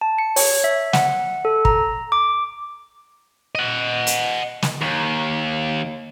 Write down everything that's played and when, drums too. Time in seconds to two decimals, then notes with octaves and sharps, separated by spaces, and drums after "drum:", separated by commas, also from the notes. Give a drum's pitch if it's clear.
0.01 A5
0.18 C#7
0.36 C#5, drum: open hi-hat
0.64 E5
0.93 F#5, drum: snare
1.45 A4
1.65 A#5, drum: kick
2.12 D6
3.55 D#5 F#5
4.07 drum: hi-hat
4.62 drum: snare
4.82 D#2